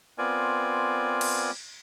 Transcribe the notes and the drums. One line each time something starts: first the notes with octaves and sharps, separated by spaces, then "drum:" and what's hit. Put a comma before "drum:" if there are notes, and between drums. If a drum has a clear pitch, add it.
B3 C4 F4 A#4 D5 G#5
drum: cymbal